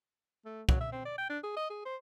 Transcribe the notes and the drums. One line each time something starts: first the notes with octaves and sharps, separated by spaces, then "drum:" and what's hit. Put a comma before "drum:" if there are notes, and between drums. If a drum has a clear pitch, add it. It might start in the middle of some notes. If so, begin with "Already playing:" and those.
A3
F#3, drum: kick
E5
C4
D5
G5
D4
G#4
D#5
G#4
C5